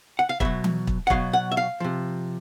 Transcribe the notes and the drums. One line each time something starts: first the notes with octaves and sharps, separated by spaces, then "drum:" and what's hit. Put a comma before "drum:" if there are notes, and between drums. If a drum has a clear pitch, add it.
F#5
F5
B2 F#3 E5, drum: kick
drum: tom E3
drum: kick
F#5
B2 F#3 F5, drum: kick
F#5
E5
F5
C3 F3